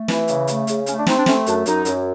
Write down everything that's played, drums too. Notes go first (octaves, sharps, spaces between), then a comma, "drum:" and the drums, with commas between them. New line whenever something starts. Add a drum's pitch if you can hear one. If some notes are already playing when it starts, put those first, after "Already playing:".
Already playing: A3
E3, drum: snare
C#3, drum: hi-hat
A3, drum: hi-hat
C#3, drum: hi-hat
A3 C#4, drum: hi-hat
D4
C4 D#4, drum: snare
D4
A3 C#4, drum: snare
F#2 D4, drum: hi-hat
F#2 D#4, drum: hi-hat
F#2, drum: hi-hat